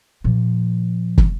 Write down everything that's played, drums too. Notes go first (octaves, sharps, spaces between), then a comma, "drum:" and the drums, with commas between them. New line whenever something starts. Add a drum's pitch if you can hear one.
A#2 F3
drum: kick